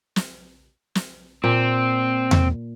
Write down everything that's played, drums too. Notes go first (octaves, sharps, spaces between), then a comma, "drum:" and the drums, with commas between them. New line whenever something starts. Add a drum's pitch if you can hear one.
drum: snare
drum: snare
A#2 C4
drum: tom E2